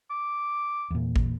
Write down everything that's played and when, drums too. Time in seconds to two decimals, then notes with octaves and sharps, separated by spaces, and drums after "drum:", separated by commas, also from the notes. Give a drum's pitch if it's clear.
0.10 D6
0.91 E2 A#2
1.16 drum: kick A1